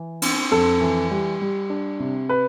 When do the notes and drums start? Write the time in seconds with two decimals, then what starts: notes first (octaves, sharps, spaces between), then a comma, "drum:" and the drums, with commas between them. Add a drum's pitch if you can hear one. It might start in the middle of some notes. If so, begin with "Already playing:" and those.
Already playing: E3
0.22 C4, drum: cymbal
0.51 F2 A4
0.81 E3
1.11 G3
1.41 G3
1.70 D4
2.00 C3
2.29 B4